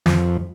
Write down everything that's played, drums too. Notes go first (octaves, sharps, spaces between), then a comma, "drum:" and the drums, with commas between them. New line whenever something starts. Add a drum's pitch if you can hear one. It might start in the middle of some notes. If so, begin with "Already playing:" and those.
F2, drum: snare